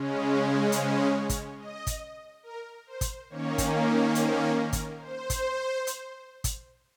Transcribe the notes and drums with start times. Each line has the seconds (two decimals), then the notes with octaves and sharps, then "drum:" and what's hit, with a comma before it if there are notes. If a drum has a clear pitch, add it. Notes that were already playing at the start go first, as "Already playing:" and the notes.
Already playing: C#3 G#3 C#4
0.72 C5, drum: hi-hat
1.15 C#5
1.29 drum: kick, hi-hat
1.58 D#5
1.87 drum: kick, hi-hat
2.43 A#4
2.87 C5
3.01 drum: kick, hi-hat
3.30 D#3 A#3 C#4 C#5
3.58 drum: kick, hi-hat
4.15 C5, drum: hi-hat
4.58 A#4
4.73 drum: kick, hi-hat
5.01 C5
5.30 drum: kick, hi-hat
5.87 drum: hi-hat
6.44 drum: kick, hi-hat